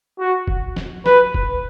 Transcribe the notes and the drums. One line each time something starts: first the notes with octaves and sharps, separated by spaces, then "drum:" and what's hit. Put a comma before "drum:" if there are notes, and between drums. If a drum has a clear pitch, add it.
F#4
drum: kick
drum: snare
B4, drum: snare
drum: kick